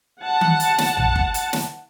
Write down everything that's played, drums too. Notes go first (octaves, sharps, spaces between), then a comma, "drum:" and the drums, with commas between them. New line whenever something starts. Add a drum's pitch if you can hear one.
F#5 A5
drum: tom D#3
drum: hi-hat
drum: snare
drum: tom A#1
drum: kick F#1
drum: hi-hat
drum: snare